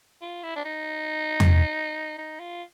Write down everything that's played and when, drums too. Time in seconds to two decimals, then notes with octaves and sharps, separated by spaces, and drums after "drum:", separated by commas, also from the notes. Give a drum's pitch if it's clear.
0.22 F4
0.43 E4
0.56 D4
0.65 D#4
1.40 drum: tom E2
2.18 D#4
2.40 F4